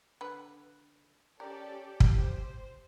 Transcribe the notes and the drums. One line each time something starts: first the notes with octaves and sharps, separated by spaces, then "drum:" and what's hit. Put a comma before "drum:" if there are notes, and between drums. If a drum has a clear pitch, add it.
D3 B4
C#4 G4 A4 A#4 D5
drum: kick
C5